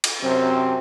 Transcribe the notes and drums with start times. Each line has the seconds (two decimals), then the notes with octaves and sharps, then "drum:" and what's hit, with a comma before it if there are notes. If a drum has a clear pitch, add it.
0.04 drum: cymbal
0.22 F#2 C3 C4